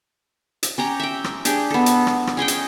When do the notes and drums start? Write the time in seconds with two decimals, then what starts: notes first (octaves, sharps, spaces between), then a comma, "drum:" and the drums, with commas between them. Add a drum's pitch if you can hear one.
0.63 drum: hi-hat
0.78 C#4 G4 A#5
1.00 E5 G5
1.24 drum: rim click
1.45 D4 G4 G#4, drum: hi-hat
1.70 B3 A4
1.86 drum: hi-hat
2.07 drum: rim click
2.27 drum: rim click
2.37 C#4 G#4 D#5 G5
2.48 drum: hi-hat